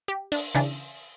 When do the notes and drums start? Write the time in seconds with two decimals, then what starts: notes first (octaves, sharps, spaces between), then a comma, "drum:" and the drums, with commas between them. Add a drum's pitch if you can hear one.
0.08 G4
0.32 D4, drum: open hi-hat
0.55 C#3 E3 D4